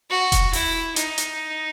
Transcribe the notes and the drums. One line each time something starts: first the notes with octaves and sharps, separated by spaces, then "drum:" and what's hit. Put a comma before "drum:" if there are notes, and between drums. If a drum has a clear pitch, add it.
F#4
drum: kick E1, hi-hat
E4, drum: open hi-hat
D#4, drum: hi-hat
drum: hi-hat